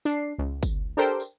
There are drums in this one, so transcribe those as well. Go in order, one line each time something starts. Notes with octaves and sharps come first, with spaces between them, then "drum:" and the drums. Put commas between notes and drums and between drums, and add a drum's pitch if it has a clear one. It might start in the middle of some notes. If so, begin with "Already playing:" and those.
D4 C7, drum: tambourine
C#2
drum: kick, tambourine
D4 G4 A4 A#4 C5 G5
drum: tambourine